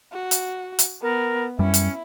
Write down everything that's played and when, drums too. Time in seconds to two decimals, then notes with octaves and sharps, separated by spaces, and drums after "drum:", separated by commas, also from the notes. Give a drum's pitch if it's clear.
0.13 F#4
0.31 drum: hi-hat
0.79 drum: hi-hat
1.02 B3 A#4
1.59 F#2 G3 C#4 E4
1.74 drum: hi-hat